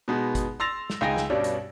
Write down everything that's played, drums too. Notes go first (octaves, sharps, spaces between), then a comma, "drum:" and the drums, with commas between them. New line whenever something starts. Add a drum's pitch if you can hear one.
B2 G#3 B3 D#4
drum: kick, hi-hat
C6 E6 A6 A#6 F7
drum: snare
C#2 D#4 G#4 G5 G#5 A#6
drum: snare
G2 B2 G3 C#4 D4
drum: hi-hat